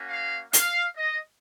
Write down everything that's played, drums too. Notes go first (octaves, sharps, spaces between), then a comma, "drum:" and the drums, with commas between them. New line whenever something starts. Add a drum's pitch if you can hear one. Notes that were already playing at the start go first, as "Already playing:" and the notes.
Already playing: A#3 C#4 F#4
F5
F5, drum: hi-hat
D#5